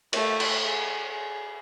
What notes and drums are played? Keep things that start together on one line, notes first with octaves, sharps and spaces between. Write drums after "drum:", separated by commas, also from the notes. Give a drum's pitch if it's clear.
A3, drum: cymbal
drum: cymbal
G#4
G#4